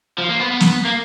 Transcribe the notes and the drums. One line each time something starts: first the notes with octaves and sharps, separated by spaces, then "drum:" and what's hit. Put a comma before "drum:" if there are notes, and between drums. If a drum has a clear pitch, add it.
F3
A#3
B3
B3
drum: snare
A#3